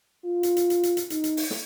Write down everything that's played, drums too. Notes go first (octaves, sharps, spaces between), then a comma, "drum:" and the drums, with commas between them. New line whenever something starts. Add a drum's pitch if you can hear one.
F4
drum: hi-hat
drum: hi-hat
drum: hi-hat
drum: hi-hat
drum: hi-hat
D#4, drum: hi-hat
drum: hi-hat
drum: open hi-hat
drum: snare